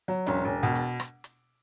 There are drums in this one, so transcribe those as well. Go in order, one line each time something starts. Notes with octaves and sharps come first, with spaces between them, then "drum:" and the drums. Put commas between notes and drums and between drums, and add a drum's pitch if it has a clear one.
F#3
E1 C#4, drum: hi-hat
E1
B2
drum: hi-hat
drum: rim click
drum: hi-hat